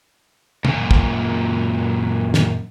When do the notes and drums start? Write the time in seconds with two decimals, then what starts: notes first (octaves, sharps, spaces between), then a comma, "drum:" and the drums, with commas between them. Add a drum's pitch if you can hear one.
0.65 F#2 A#2, drum: tom
0.91 drum: kick
2.34 drum: snare